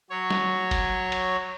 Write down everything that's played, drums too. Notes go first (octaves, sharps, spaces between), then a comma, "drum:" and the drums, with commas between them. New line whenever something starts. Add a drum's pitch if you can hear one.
F#3 C#5
drum: snare
drum: kick F#1, cymbal
drum: cymbal